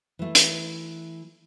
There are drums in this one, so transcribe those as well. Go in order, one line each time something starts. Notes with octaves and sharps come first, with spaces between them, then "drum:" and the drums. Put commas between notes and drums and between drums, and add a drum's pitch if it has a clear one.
E3 A3
drum: hi-hat